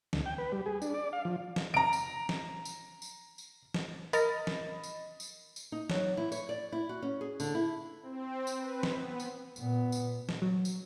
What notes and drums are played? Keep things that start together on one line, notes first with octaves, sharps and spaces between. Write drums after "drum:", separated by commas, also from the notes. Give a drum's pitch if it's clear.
D2, drum: snare
G5
B4
G3
G#4
D4, drum: tambourine
D5
F5
F3
drum: snare
A#5 D7
drum: tambourine
drum: snare
drum: tambourine
drum: tambourine
drum: tambourine
drum: snare
A#4 D#5 B5 A6, drum: tambourine
drum: snare
drum: tambourine
drum: tambourine
drum: tambourine
D#4
F#3, drum: snare
E4
C#5, drum: tambourine
D5
E4
F#4
C#4
G#4
D3, drum: tambourine
E4
C4
drum: tambourine
B4
drum: snare
B3
drum: tambourine
A#2 B3, drum: tambourine
drum: tambourine
drum: snare
F#3
drum: tambourine